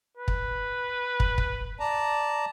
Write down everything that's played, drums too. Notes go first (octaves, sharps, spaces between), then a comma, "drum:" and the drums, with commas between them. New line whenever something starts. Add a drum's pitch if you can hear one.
B4
drum: kick
drum: kick
drum: kick
D5 A5 A#5